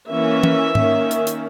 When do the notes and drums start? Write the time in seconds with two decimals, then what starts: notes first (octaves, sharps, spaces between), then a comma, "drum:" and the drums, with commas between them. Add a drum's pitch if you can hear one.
0.09 E3 A#3 C#4 E5
0.43 drum: tom
0.75 D#3 A#3 C#4, drum: tom G#2
1.11 drum: hi-hat
1.27 drum: hi-hat